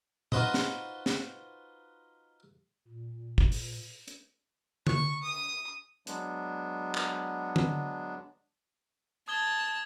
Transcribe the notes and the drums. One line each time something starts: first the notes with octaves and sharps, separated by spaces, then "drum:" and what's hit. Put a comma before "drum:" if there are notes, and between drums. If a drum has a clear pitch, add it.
D#4 F4 F#4 B4 C5 D#5, drum: tom A#2
drum: snare
drum: snare
A#2
drum: kick
drum: open hi-hat
drum: hi-hat
C#6, drum: tom D3
D#6
F#3 G#3 B3 D4, drum: hi-hat
drum: clap
drum: tom D3
A5 D#6 G#6 G7